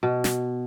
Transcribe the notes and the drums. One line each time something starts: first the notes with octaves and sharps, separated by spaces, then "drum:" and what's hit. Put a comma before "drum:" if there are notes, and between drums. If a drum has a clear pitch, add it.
B2
drum: snare